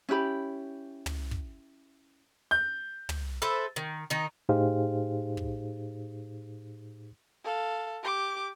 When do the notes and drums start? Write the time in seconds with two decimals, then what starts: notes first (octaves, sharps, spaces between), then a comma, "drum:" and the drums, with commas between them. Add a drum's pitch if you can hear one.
0.09 C#4 E4 G4 B5
1.06 drum: tom
1.31 drum: kick
2.51 G6
3.09 drum: tom
3.42 A4 B4 C5 E5
3.76 D#3
4.10 D#3 D#4
4.49 A2 D#4 G4 G#4 C5 F5
5.37 drum: kick
7.44 A4 F5
8.03 G4 D6